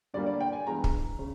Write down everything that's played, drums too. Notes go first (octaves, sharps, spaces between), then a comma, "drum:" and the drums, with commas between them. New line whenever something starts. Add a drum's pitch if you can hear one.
G2 D3 G3 A#3 D5
D5
G5
G#5
G2 E3 G#3 B3 A#5
drum: kick
C#3